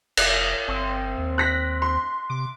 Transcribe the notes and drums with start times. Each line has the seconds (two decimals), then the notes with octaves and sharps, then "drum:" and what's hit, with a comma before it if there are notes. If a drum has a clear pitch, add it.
0.17 F1, drum: cymbal
0.68 G1 C4
1.18 D#2
1.38 F#6 A#6 B6
1.82 C6
2.30 C3 D6